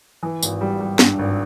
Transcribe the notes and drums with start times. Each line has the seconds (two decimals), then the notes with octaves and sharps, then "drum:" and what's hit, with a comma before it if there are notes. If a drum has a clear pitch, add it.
0.23 E3
0.43 G#1, drum: tambourine
0.61 G3
0.81 G3
0.99 G2, drum: snare
1.19 G#1